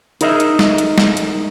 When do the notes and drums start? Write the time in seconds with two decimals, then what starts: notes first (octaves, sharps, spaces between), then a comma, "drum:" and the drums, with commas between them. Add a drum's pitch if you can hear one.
0.21 D#4 G#4 A#4 D#5 E5, drum: hi-hat
0.40 drum: hi-hat
0.59 drum: snare
0.78 drum: hi-hat
0.98 drum: snare
1.17 drum: hi-hat